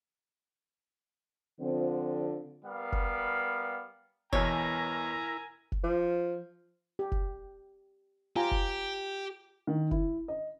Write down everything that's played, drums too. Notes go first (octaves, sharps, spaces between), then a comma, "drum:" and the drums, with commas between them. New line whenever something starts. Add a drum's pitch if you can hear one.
D3 F3 C4
G3 B3 A#4 F5
drum: kick F1
E2 B2 E4 A#4 C#5 G#5 A#5, drum: kick F1
drum: kick F1
F3
G4
drum: kick F1
F4 G4 G#5 A#5
drum: kick F1
D#3
E4, drum: kick F1
D#5